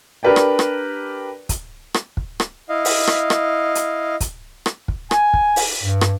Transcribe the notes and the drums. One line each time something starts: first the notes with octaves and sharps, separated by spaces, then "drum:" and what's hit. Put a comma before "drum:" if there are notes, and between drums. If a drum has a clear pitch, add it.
D4 G4 A#4 B4 D5 G5
drum: rim click
drum: rim click
drum: kick, hi-hat
drum: rim click
drum: kick
drum: rim click
E4 D#5 F5
drum: open hi-hat
drum: rim click
drum: rim click
drum: hi-hat
drum: kick, hi-hat
drum: rim click
drum: kick
G#5, drum: rim click
drum: kick
drum: open hi-hat
G2
drum: rim click